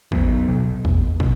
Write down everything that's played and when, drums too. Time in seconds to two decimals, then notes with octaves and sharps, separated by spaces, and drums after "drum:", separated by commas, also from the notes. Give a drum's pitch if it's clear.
0.12 E2 F#3 B3, drum: kick
0.49 B2
0.85 E2, drum: kick
1.20 B2, drum: kick